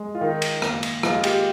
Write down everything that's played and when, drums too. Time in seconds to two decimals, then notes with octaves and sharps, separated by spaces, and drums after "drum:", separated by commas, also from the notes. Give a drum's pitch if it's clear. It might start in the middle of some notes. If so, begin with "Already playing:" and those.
Already playing: G#3
0.15 F4
0.21 D#3 D#4
0.42 drum: cymbal
0.62 A#3, drum: rim click
0.83 drum: cymbal
1.03 G#3 F4, drum: rim click
1.24 G4, drum: cymbal